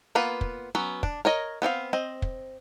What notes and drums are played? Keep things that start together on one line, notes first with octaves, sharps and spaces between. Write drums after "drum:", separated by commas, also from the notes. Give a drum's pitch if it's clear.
A#3 B3 F4 B4
drum: kick
F#3 B3 C#4
D4, drum: kick
A#4 C#5 D#5
B3 C4 D5 F5
C4 D#5
drum: kick